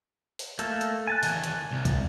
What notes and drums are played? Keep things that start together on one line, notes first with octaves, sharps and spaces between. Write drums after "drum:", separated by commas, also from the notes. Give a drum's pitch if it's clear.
drum: open hi-hat
A3 A#3 A4, drum: hi-hat
drum: hi-hat
G#5 A5 F#6
E2 D#3, drum: open hi-hat
drum: hi-hat
C2
drum: kick, hi-hat